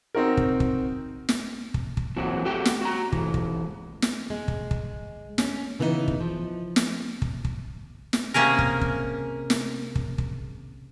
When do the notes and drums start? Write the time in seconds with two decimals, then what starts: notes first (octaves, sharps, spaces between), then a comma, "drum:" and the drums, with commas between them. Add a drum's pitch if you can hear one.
0.15 C4 D#4 F#4 A#4
0.37 drum: kick
0.60 drum: kick
1.29 drum: snare
1.74 drum: kick
1.97 drum: kick
2.16 A#2 E3 F#3 C4 F#4
2.45 A3 F#4 G4 G5
2.65 drum: snare
2.81 F#4 A#5
3.12 G#2 E3, drum: kick
3.34 drum: kick
4.02 drum: snare
4.30 G#3
4.48 drum: kick
4.71 drum: kick
5.38 C#4, drum: snare
5.79 C#3 E3 B3 C4 D#4
6.08 drum: kick
6.21 F3
6.76 drum: snare
7.22 drum: kick
7.45 drum: kick
8.13 drum: snare
8.34 C3 A#3 C#4 G#4 A#4
8.59 drum: kick
8.81 drum: kick
9.50 drum: snare
9.95 drum: kick
10.18 drum: kick